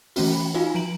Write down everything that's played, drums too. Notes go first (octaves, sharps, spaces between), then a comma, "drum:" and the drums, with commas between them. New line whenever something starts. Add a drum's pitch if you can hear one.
E3 A3 C#4 F#4, drum: open hi-hat
B5
D#4 F4 F#4 F5 G#5
F3 A#5 D7 F#7